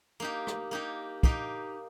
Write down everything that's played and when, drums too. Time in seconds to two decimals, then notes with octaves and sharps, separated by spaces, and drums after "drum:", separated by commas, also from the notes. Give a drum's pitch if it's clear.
0.20 A#3 D#4 G4
0.47 drum: rim click
0.71 A#3 D#4 G4
1.23 A#3 D#4 G4, drum: kick